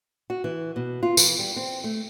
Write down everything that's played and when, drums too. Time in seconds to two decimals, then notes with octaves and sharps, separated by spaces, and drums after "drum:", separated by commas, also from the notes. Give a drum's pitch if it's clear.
0.30 F#4
0.44 E3
0.76 B2
1.03 F4
1.17 E3, drum: tambourine
1.39 G3
1.56 C4
1.84 A3